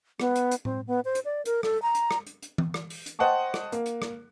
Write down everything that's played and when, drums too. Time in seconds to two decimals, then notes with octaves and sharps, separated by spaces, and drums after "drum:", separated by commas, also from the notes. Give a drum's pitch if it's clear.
0.20 B3, drum: rim click
0.35 drum: hi-hat
0.51 drum: hi-hat
0.65 C4, drum: tom A2
0.87 B3
1.05 C5
1.15 drum: hi-hat
1.25 D5
1.45 A#4, drum: hi-hat
1.63 A4, drum: rim click
1.82 A#5
1.95 drum: hi-hat
2.11 drum: rim click
2.27 drum: hi-hat
2.42 drum: hi-hat
2.58 drum: tom E3
2.74 drum: rim click
2.90 drum: open hi-hat
3.06 drum: hi-hat
3.19 C5 D#5 F#5 G5 A5 C#6
3.54 drum: rim click
3.72 A#3, drum: hi-hat
3.86 drum: hi-hat
4.02 drum: rim click